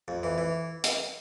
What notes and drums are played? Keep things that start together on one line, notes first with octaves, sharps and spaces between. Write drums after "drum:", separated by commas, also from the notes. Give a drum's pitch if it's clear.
F2
E3
E3
drum: hi-hat